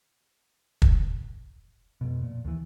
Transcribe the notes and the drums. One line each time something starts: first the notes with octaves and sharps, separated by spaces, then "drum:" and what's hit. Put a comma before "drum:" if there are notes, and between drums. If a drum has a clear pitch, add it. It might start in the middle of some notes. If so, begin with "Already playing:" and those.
drum: kick
F2 B2
A#2
D#2 E3